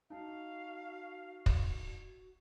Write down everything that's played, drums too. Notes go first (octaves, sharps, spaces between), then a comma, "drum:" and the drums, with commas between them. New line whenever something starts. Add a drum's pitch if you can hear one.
D#4 F#4 F5 A5
drum: kick